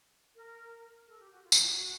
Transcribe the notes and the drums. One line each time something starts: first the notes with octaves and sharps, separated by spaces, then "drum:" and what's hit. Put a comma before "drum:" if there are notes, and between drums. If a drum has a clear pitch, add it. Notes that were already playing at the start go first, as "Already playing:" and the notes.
A#4
A4
G4
F#4
F4
E4, drum: tambourine
F4
F#4